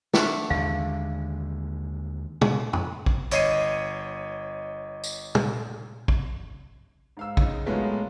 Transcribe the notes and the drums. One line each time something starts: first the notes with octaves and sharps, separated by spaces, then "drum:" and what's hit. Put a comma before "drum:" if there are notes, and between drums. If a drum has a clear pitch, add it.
A3 D4 F#5, drum: snare
D#2 D3 G#3 F5
drum: tom
drum: tom
drum: kick
G1 C#5 D#5 C7 D#7, drum: hi-hat
drum: tambourine
drum: tom
drum: kick
G#2 F5 E6
C#3 D#4, drum: kick
A#2 F#3 G#3 A3 B3 F4